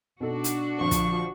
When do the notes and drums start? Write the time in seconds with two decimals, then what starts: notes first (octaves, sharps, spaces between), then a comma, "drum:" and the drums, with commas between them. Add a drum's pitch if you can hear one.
0.21 B2 D4 D#4 F#4 A4
0.44 drum: hi-hat
0.80 A#1 D3 F3 C#6
0.91 drum: kick, hi-hat